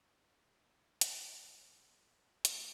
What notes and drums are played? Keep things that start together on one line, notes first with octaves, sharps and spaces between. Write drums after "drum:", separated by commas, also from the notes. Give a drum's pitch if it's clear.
drum: hi-hat
A3, drum: hi-hat